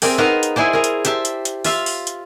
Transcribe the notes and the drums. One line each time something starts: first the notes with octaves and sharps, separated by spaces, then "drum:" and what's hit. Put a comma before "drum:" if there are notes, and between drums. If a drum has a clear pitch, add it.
C4 G#4 A#4 D5 E5 G5, drum: open hi-hat
B3 D#4 A#4 C5 D#5 F5
drum: hi-hat
E4 G#4 C5 D5
G#4 A#4
drum: hi-hat
G4 C5 E5 A5, drum: hi-hat
drum: hi-hat
drum: hi-hat
F4 E5 F5, drum: open hi-hat
drum: open hi-hat
drum: hi-hat